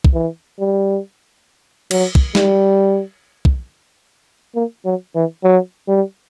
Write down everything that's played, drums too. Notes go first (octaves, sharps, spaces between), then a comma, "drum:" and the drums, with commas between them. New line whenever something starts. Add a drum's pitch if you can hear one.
drum: kick
E3
G3
F#3, drum: cymbal
drum: kick
G3, drum: snare
drum: kick
A#3
F#3
E3
F#3
G3